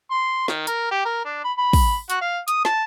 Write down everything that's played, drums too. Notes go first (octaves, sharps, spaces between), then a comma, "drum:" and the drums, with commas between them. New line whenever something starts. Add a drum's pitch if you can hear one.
C6
D#3, drum: snare
A#4, drum: hi-hat
G4
A#4
D4
B5
B5
drum: kick, open hi-hat
F#4, drum: hi-hat
F5
D#6, drum: hi-hat
A5, drum: snare